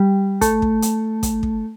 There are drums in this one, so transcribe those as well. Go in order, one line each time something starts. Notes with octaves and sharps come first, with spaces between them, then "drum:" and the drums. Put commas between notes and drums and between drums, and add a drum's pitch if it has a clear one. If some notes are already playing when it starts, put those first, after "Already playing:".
Already playing: G3
A3, drum: kick, hi-hat
drum: kick
drum: hi-hat
drum: kick, hi-hat
drum: kick